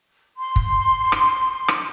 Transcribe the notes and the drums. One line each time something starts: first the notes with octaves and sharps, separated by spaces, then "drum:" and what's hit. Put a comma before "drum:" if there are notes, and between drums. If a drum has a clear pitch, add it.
C6
drum: kick
drum: rim click
drum: rim click